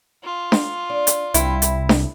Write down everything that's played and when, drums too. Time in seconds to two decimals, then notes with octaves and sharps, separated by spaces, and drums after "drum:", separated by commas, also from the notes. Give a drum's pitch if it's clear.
0.24 F4
0.52 drum: snare D4
0.90 D4
1.07 drum: hi-hat
1.34 C2 C4 E4, drum: hi-hat
1.62 drum: hi-hat
1.89 drum: snare D4